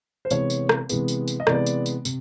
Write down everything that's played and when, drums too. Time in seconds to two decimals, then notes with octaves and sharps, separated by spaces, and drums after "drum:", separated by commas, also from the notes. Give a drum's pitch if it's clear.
0.25 C5
0.30 C3 E3 G#3 B3 C#5, drum: tambourine
0.50 drum: tambourine
0.69 drum: rim click
0.89 C3 E3 G#3 B3, drum: tambourine
1.08 drum: tambourine
1.28 drum: tambourine
1.40 D#5
1.47 C3 E3 G#3 B3 D5, drum: rim click
1.66 drum: tambourine
1.86 drum: tambourine
2.05 C3, drum: tambourine